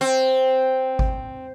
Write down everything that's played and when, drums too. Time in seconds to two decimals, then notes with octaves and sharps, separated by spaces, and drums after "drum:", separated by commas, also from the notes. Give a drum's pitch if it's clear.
0.01 C4
0.99 drum: kick G#1